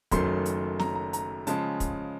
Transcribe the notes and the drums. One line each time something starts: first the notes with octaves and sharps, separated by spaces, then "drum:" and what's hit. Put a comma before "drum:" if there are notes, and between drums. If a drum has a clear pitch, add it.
F#1 F#2 D#3 F#3 A3 C6, drum: kick, hi-hat
drum: hi-hat
A#5, drum: snare
A#5
A#5, drum: hi-hat
C#3 F3 G#3 A5, drum: hi-hat
drum: kick, hi-hat